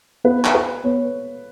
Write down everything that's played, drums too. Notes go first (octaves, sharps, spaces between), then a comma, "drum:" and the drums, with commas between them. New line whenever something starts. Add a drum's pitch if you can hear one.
B3 B4
drum: clap
B4
B3 C#5